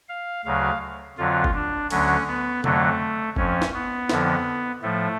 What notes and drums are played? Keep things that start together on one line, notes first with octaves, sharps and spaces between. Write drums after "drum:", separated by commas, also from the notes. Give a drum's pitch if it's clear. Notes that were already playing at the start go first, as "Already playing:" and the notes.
F5
D2 C#3 F#3 F5
F2 D3 F#3 F4
drum: kick
D4
D2 D3 F#3 C#4, drum: cymbal
B3
F2 D3 F#3 A3, drum: tom C3
F2 F3 C#4, drum: kick
drum: snare
B3
F2 D3 F3, drum: snare
A2 F3 A3